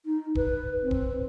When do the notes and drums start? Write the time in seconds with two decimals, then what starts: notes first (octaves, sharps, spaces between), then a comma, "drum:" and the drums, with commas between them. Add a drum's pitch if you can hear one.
0.05 D#4
0.35 B4, drum: kick
0.82 C4
0.91 drum: kick